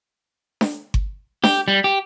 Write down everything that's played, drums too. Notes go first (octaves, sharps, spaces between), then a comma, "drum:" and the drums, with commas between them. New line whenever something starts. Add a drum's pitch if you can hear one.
drum: snare D4
drum: kick G1
G4, drum: snare D4
G3
G4